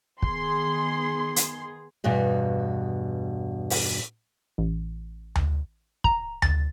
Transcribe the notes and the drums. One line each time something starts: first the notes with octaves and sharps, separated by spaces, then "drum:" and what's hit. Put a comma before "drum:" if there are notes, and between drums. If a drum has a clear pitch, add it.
D#3 B3 G#4 C6, drum: kick
drum: hi-hat
E2 G2 B2
drum: open hi-hat
A1
drum: tom D2
A#5, drum: kick
A6, drum: tom D2